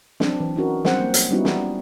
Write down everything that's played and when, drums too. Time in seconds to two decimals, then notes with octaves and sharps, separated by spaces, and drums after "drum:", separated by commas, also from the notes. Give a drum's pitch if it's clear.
0.20 F#3 C4 D4, drum: snare
0.40 E3
0.56 C#4 D#4 F#4 A#4
0.85 F#3 G3 C4 C5 F#5, drum: snare
1.00 A#3
1.14 drum: hi-hat
1.30 G3 B3 C#4 D#4 E4 F#4
1.45 drum: snare